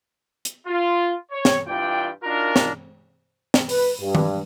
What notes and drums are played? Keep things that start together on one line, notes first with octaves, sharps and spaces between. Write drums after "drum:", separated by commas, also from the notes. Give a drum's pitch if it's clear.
drum: hi-hat
F4
C#5
drum: snare
G2 E3 F4 D5 G5
D4 D#4 F4 F#4 A#4
drum: snare
drum: snare
B4, drum: open hi-hat
G2
drum: tom D#3